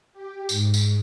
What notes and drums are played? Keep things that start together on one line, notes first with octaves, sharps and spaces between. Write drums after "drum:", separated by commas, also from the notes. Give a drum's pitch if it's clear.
G4
G#2, drum: tambourine
drum: tambourine